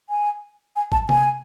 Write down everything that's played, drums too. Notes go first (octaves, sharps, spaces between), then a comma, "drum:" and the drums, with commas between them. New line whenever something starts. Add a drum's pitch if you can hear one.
G#5
G#5
A5, drum: kick G#1
G#5, drum: tom C3